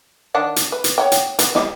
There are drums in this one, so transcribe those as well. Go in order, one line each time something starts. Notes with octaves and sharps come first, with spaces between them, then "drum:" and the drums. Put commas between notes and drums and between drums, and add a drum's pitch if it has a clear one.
D#3 D4 F#5
drum: hi-hat
B4
drum: hi-hat
C#5 F#5 G5
drum: hi-hat
B3, drum: hi-hat
G3 D#5, drum: snare